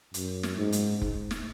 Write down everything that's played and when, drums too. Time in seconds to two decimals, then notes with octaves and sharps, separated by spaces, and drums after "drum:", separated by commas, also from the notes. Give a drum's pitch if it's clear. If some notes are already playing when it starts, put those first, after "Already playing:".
0.14 F#2, drum: hi-hat
0.43 drum: snare
0.57 G#2
0.72 drum: hi-hat
1.02 drum: kick F1
1.31 drum: snare